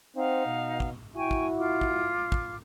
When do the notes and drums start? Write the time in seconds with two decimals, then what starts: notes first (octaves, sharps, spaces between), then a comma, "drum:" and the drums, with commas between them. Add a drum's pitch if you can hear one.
0.15 C4 D#4 F5 F#5
0.47 B2
0.80 drum: kick
1.16 E4 F#4 G5 G#5 C#6
1.31 drum: kick
1.58 F4 D6
1.81 drum: kick
2.32 drum: kick